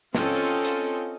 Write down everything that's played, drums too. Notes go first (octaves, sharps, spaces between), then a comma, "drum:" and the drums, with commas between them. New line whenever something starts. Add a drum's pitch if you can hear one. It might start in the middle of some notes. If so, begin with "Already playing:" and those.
C4 C#4 F4 A4 D#5, drum: snare
drum: hi-hat